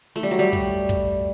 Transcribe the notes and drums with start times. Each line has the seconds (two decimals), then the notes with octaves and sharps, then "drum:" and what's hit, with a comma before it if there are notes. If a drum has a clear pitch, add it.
0.16 A3, drum: snare
0.23 G3
0.31 F#3
0.39 G3
0.52 drum: kick
0.89 drum: kick